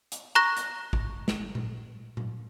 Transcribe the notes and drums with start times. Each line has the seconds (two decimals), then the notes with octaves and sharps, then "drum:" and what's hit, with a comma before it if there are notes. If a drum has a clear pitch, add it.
0.12 drum: hi-hat
0.35 A#5 C#6 F#6 A#6
0.57 drum: hi-hat
0.93 drum: kick
1.28 drum: snare
1.55 drum: tom A#2
2.17 drum: tom A#2